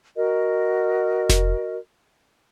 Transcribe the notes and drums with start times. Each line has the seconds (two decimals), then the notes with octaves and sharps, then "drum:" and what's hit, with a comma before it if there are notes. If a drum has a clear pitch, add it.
0.16 F#4 A#4 D#5
1.29 drum: snare F1